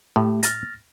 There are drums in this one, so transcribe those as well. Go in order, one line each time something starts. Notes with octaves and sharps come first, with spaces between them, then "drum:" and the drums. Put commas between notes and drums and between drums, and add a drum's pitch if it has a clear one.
A2 A3 G4
F6 A6 A#6, drum: hi-hat